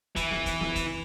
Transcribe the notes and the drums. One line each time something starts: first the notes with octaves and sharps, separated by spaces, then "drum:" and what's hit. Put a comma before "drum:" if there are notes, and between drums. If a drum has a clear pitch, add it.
E3, drum: kick, hi-hat
drum: snare
drum: kick, hi-hat
drum: snare
drum: kick, hi-hat